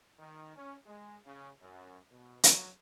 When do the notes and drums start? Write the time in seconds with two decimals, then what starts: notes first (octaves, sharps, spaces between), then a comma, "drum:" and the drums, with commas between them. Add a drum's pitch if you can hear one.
0.19 D#3
0.55 C#4
0.85 G#3
1.25 C#3
1.61 F#2
2.11 B2
2.43 F#3, drum: hi-hat